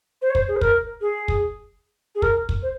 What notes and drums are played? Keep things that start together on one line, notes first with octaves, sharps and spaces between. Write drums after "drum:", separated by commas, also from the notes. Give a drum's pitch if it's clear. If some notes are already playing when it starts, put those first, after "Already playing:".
C5
C#5
C5, drum: kick
G#4
C5
A#4, drum: kick
G#4
drum: kick
G#4
A#4, drum: kick
drum: kick
C5